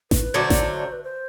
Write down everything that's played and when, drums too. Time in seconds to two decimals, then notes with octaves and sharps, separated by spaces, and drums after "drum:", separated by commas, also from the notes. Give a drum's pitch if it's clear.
0.11 B4, drum: snare A1
0.34 D3 F#3 A3 D4 C5
0.50 drum: snare A1
0.93 B4
1.03 C5